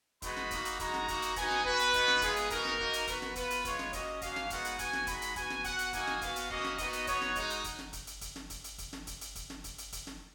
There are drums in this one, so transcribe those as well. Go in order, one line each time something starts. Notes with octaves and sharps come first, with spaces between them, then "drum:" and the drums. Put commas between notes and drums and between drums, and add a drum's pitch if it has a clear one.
G#3 B3 D#4 F#4 B5, drum: kick, hi-hat
drum: snare
A#3 D#4 F#4, drum: kick, hi-hat
drum: hi-hat
G#3 D#4 F#4 A#5, drum: kick, hi-hat
drum: snare
A#3 D#4 F#4, drum: kick, hi-hat
drum: hi-hat
B3 D#4 F#4 G#5, drum: kick, hi-hat
drum: snare
B3 F#4 B4, drum: kick
drum: hi-hat
B3 D#4 F#4, drum: kick, hi-hat
drum: snare
G#3 B3 F4 G#4, drum: kick, hi-hat
drum: hi-hat
B3 D#4 F#4 A#4, drum: kick, hi-hat
drum: snare
A#3 D#4 F#4, drum: kick
drum: hi-hat
B3 F#4 B4, drum: kick, hi-hat
drum: snare
B3 F4 B4, drum: kick, hi-hat
drum: hi-hat
G#3 B3 F4 C#5, drum: kick, hi-hat
drum: snare
A#3 C#4 F#4 D#5, drum: kick, hi-hat
A#3 C#4 F#4 F5, drum: kick, hi-hat
drum: snare
G#3 B3 D#4 F#4 F#5, drum: kick, hi-hat
drum: hi-hat
B3 F#4 G#5, drum: kick, hi-hat
drum: snare
G#3 D#4 F#4 B5, drum: kick, hi-hat
drum: hi-hat
B3 F#4 G#5, drum: kick, hi-hat
drum: snare
B3 F#4 F#5, drum: kick, hi-hat
drum: hi-hat
A#3 D#4 F#4 G#5, drum: kick, hi-hat
drum: snare
B3 F#4 F5, drum: kick, hi-hat
drum: hi-hat
A#3 C#4 F#4 D#5, drum: kick
drum: snare
B3 D#4 F#4 D#5, drum: kick, hi-hat
drum: hi-hat
B3 D#4 F#4 C#5, drum: kick, hi-hat
drum: snare
G#3 D#4 F#4, drum: kick, hi-hat
drum: hi-hat
drum: kick, hi-hat
drum: snare
drum: kick, hi-hat
drum: hi-hat
drum: kick, hi-hat
drum: snare
drum: kick, hi-hat
drum: hi-hat
drum: kick, hi-hat
drum: snare
drum: kick, hi-hat
drum: hi-hat
drum: kick, hi-hat
drum: snare
drum: kick, hi-hat
drum: hi-hat
drum: kick, hi-hat
drum: snare